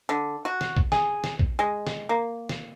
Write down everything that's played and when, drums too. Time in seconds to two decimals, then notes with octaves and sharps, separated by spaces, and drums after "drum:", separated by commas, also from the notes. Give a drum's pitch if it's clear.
0.09 D3
0.45 F#4
0.61 drum: snare
0.77 drum: kick
0.92 G#4, drum: snare
1.24 drum: snare
1.39 drum: kick
1.59 G#3
1.87 drum: snare
2.09 A#3
2.49 drum: snare